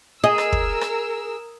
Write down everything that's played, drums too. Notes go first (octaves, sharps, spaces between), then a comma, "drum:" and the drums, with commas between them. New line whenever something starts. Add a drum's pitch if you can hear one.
G#4 A#4 D#5 E6
drum: rim click
drum: kick
drum: rim click